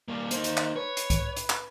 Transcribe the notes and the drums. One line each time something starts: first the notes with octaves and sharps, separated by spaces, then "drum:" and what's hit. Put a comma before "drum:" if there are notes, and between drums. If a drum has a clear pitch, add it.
G3 A#3
A#3 D#4 C5, drum: hi-hat
drum: hi-hat
drum: clap
B4 C#5
drum: hi-hat
drum: kick C2, hi-hat
drum: hi-hat
drum: clap